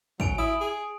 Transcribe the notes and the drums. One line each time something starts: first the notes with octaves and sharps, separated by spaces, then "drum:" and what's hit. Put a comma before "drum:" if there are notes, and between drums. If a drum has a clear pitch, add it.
F#3 G#5 D7 F7, drum: kick
E4 D#6
G#4